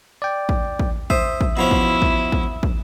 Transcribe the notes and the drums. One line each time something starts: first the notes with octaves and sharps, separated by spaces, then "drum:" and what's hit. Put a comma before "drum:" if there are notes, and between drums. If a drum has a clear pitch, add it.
D5 G5
drum: kick
drum: kick
C5 E5 D#6, drum: kick
drum: kick
B2 F3 C#4 E4
drum: kick
drum: kick
drum: kick
drum: kick